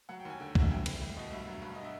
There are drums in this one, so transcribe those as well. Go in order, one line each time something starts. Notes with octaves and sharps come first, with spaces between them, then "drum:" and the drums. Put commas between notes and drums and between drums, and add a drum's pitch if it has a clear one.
F#3 F#5
G5
D#2 G#5
D3 G5
F#3 E5, drum: kick
C2 G5
C2, drum: cymbal
C2
B2 D#5
G2 E5
F#3
G2
D#5
E5